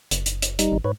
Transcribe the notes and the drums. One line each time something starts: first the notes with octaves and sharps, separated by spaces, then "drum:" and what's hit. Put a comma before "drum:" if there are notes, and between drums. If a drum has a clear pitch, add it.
F#1, drum: hi-hat
drum: hi-hat
drum: hi-hat
G3 D#4, drum: hi-hat
G#1
G#2 B4 C#5